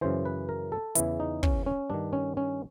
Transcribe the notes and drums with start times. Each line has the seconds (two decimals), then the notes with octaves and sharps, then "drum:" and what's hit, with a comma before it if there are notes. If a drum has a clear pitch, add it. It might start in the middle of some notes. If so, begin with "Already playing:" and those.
0.01 F#2 C#3 E3 C5
0.25 B4
0.49 A#4
0.72 A4
0.95 E2 C#3 E3 E4, drum: hi-hat
1.20 D#4
1.43 C#4, drum: kick
1.66 C#4
1.90 G2 D#3 D4
2.13 C#4
2.37 C#4